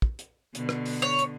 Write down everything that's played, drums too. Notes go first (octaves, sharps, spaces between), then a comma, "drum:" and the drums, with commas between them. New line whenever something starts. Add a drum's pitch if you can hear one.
drum: kick
drum: hi-hat
B2 D3, drum: hi-hat
drum: rim click
drum: open hi-hat
C#5
drum: hi-hat